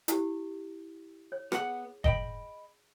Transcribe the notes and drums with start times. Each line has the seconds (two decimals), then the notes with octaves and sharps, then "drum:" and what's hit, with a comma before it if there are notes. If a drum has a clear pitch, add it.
0.08 E4 G4, drum: hi-hat
1.32 C#5
1.52 B3 G#4 F#5, drum: rim click
2.04 D#5 G5 B5, drum: kick F#1